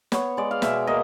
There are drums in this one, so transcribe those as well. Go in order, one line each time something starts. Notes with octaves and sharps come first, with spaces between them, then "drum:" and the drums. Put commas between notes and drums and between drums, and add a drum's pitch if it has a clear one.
B3 C#5, drum: snare
G#3 D5
F5
B2 E5, drum: snare
A#3 D#5